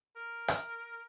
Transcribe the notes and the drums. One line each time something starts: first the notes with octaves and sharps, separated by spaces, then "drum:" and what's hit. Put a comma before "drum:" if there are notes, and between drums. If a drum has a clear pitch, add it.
A#4
drum: rim click